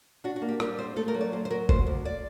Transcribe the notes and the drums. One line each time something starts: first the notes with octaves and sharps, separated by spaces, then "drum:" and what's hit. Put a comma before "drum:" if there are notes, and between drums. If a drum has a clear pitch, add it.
D4 F#4
F#4
A#3
G4
G3 A#4, drum: rim click
C4 C5
A3 A4
A#4
F#3
D5
D2 C5
C5
F#3 A#4
D2 C5, drum: kick G1
D2
D5